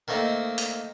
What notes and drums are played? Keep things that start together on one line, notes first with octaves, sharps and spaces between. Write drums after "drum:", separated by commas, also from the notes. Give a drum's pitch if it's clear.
D#3 A3 A#3 C4 D#4
drum: hi-hat